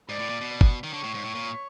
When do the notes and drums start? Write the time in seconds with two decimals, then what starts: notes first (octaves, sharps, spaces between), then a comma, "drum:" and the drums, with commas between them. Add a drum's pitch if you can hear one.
0.09 G#2 D5
0.19 A2
0.30 A#2
0.41 B2
0.61 drum: kick G1
0.84 D#3
0.93 D3 C#5
1.04 A2
1.15 G#2
1.24 A2
1.35 A#2